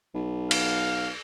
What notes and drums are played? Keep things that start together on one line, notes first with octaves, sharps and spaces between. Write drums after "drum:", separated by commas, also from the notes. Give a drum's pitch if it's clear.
B1
F5, drum: cymbal